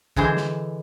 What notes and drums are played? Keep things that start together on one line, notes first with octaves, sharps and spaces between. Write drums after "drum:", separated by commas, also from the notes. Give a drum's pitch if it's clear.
D3 E3 G#3 C5, drum: kick
drum: snare